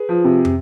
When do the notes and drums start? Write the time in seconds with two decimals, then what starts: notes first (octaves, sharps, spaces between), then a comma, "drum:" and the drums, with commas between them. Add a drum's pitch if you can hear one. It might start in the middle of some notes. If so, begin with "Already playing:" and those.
Already playing: G#4 B4
0.09 F3
0.24 C3
0.45 drum: tom